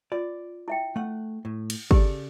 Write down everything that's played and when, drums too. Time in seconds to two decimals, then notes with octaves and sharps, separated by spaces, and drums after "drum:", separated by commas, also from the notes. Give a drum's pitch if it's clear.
0.12 F4 D5
0.68 E4 E5 G5
0.96 A3 F#5
1.45 A2
1.70 drum: cymbal
1.91 C#3 G4 A4 D5, drum: kick